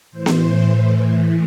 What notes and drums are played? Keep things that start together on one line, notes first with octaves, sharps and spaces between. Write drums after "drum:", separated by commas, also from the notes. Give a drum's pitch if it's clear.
A2 E3 C5
drum: snare B3